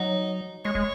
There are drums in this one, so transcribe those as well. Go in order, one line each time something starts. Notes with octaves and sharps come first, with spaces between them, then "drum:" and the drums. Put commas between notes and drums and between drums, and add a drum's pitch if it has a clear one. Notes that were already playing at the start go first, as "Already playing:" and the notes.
Already playing: F#3 D#4
G#3 C#5
G#3, drum: kick